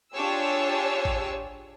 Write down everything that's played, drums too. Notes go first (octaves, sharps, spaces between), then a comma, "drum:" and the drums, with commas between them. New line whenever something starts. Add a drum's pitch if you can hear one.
D4 F4 G4 G#4 C#5 E6
drum: kick G#1